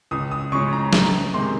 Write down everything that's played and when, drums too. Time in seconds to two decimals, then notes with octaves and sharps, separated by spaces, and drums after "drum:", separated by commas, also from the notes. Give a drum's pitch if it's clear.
0.11 C#2 D#6
0.31 D#6
0.52 C#3 F3 G#3 C#6
0.73 A#5
0.93 C#2 A#5, drum: snare
1.34 C3 D#3 G#3 C6